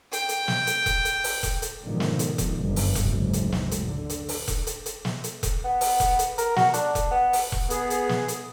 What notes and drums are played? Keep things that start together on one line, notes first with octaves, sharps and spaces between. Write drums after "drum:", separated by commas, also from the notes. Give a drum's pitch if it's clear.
G5, drum: hi-hat
drum: hi-hat
drum: snare
drum: hi-hat
drum: kick E1, hi-hat
drum: hi-hat
drum: open hi-hat
drum: kick E1, hi-hat
drum: hi-hat
G#2 B2 D3 D#3 F3
drum: snare
drum: hi-hat
drum: kick E1, hi-hat
G1 F#2
drum: open hi-hat
drum: kick E1, hi-hat
F#1 D2 G#2
drum: hi-hat
drum: snare
drum: hi-hat
D3
drum: hi-hat
drum: open hi-hat
drum: kick E1, hi-hat
drum: hi-hat
drum: hi-hat
drum: snare
drum: hi-hat
drum: kick E1, hi-hat
B3
drum: open hi-hat
drum: kick E1, hi-hat
drum: hi-hat
A#4, drum: hi-hat
F#4, drum: snare
D4, drum: hi-hat
drum: kick E1, hi-hat
B3
drum: open hi-hat
drum: kick E1
B3 G#4, drum: hi-hat
drum: hi-hat
drum: snare
drum: hi-hat